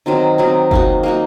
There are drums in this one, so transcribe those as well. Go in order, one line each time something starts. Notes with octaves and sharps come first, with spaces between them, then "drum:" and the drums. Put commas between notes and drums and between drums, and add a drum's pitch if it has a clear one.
D#3 F#3 C4 D#4
D#3 F#3 C4 D#4
A#3 D#4 F#4, drum: kick F#1
A#3 D#4 F#4